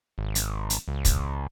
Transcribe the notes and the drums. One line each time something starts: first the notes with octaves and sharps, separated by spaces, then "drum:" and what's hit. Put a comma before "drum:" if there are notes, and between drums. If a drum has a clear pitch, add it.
G#1
drum: hi-hat
drum: hi-hat
C#2
drum: kick, hi-hat